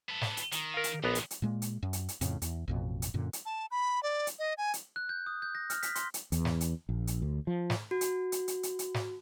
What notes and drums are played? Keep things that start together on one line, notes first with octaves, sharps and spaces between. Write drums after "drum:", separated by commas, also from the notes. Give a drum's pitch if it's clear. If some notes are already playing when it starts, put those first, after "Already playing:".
B3 A4
drum: snare
drum: hi-hat
D#3, drum: hi-hat
A#4 F5
drum: hi-hat
A#1 E2 A#2 B3 A#5
drum: hi-hat
drum: hi-hat
A#2 G#3 A#3
drum: hi-hat
F#2
drum: hi-hat
drum: hi-hat
F2 A2 C#3, drum: hi-hat
E2, drum: hi-hat
A1 F2 B2
drum: hi-hat
F#2 A#2 D3
drum: hi-hat
A5
B5
D5
drum: hi-hat
D#5
G#5
drum: hi-hat
F#6
G6
D#6
G6
A#6
F6, drum: hi-hat
B6, drum: hi-hat
C6, drum: hi-hat
drum: hi-hat
E2, drum: hi-hat
drum: snare
drum: hi-hat
A#1
drum: hi-hat
D2
F3
drum: snare
F#4
drum: hi-hat
drum: hi-hat
drum: hi-hat
drum: hi-hat
drum: hi-hat
drum: snare